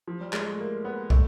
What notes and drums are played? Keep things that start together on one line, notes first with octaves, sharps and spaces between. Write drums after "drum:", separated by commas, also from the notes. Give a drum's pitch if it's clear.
F3
G3
G#3, drum: clap
A3
A#3
B3
A3, drum: kick